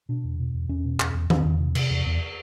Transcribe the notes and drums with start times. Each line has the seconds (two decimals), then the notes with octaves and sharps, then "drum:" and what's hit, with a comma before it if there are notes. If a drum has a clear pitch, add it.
0.09 B2 D4
0.24 E2
0.39 B2
0.54 E2
0.69 E2 C#4
0.85 B2
1.00 E2, drum: clap
1.14 E2
1.30 E2 C4, drum: tom D#3
1.45 E2
1.60 C3
1.75 C3, drum: cymbal
1.90 E2
2.06 E2